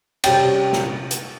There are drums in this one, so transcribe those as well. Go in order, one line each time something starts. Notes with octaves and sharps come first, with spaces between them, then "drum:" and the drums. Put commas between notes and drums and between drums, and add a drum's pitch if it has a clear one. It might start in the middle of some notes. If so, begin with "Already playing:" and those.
C3 G3 C#4 G5, drum: cymbal
drum: snare
drum: hi-hat